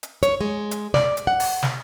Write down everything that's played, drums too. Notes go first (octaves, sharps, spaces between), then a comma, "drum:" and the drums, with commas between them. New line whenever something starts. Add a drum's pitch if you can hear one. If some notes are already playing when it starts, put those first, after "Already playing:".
drum: hi-hat
C#5, drum: hi-hat
G#3
drum: hi-hat
D5, drum: snare
drum: hi-hat
F#5
drum: open hi-hat
drum: snare